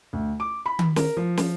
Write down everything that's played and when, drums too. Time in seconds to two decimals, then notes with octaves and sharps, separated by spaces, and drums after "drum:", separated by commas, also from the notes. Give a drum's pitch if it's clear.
0.13 D2
0.40 D6
0.66 B5
0.79 drum: tom D#3
0.96 A#4, drum: snare
1.17 F3
1.37 drum: snare